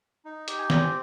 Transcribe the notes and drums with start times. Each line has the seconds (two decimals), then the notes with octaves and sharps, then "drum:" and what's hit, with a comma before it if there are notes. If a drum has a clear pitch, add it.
0.25 D#4
0.48 G4, drum: hi-hat
0.59 G#5
0.70 C4, drum: snare